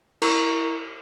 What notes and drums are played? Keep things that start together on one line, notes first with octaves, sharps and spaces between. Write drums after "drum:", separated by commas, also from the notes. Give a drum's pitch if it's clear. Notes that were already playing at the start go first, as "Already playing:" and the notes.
E4 A#4 A#5 C#6, drum: cymbal